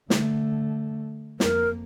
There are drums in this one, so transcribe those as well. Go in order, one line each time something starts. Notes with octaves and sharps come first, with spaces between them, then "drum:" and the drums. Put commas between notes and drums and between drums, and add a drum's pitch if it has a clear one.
D3 A3, drum: snare
F2 A#3 A#4, drum: snare